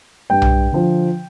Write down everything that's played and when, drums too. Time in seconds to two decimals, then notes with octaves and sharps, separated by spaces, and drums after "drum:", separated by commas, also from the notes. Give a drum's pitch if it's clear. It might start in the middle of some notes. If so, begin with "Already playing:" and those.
0.30 G2 G5
0.42 drum: tom B1
0.72 D3 F3